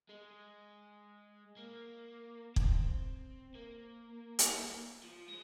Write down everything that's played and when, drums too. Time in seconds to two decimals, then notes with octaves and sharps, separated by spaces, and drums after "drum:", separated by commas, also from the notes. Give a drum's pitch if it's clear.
0.09 G#3
1.57 A#3
2.56 C4, drum: kick
3.55 A#3
4.39 drum: hi-hat
5.03 F3
5.28 G#3